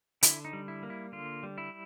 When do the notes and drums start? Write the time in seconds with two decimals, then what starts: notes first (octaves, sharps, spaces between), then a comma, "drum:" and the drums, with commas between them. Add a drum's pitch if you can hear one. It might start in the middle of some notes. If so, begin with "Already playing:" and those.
0.23 D3 E4, drum: hi-hat
0.45 D#4
0.53 G3
0.68 E4
0.83 A#3
0.90 E4
1.12 D3 F4
1.43 G3
1.58 E4